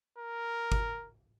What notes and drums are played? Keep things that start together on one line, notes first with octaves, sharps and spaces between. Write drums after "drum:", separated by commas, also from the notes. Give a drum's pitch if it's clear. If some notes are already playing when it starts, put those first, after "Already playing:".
A#4
drum: kick G1